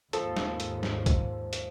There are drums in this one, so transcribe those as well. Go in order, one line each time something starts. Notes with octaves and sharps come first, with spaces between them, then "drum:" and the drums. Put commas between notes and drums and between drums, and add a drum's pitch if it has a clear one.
D#2 G#2 F3 A4, drum: hi-hat
drum: snare
drum: hi-hat
drum: snare
drum: kick, hi-hat
drum: hi-hat